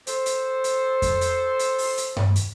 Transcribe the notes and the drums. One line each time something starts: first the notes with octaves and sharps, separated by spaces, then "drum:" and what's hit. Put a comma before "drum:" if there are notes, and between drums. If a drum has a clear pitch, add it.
A4 C5, drum: hi-hat
drum: hi-hat
drum: hi-hat
drum: kick F2, hi-hat
drum: hi-hat
drum: hi-hat
drum: open hi-hat
drum: hi-hat
drum: tom G2
drum: hi-hat